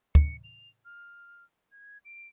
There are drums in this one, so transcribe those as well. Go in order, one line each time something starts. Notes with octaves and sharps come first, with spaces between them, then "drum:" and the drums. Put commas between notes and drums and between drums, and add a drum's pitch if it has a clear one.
C#7, drum: kick
F7
F6
G#6
D7